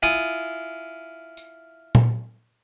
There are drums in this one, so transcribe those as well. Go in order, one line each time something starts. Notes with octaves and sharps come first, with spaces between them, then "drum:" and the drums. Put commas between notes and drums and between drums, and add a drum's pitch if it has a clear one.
E4 F4 G#5 D#6
drum: tambourine
drum: tom A#2